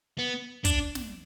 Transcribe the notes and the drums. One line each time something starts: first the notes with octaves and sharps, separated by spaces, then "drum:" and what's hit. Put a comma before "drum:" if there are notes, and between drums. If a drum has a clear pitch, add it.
B3
D4, drum: kick, hi-hat
drum: snare